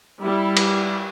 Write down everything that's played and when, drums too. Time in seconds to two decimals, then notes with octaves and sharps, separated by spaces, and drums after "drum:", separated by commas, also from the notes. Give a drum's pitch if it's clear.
0.23 G3 E4
0.57 drum: cymbal